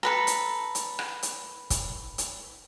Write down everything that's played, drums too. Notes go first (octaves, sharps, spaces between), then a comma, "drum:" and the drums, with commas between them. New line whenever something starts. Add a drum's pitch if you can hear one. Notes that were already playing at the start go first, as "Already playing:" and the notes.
A4 B4 A#5
drum: hi-hat
drum: hi-hat
drum: rim click
drum: hi-hat
drum: kick, hi-hat
drum: hi-hat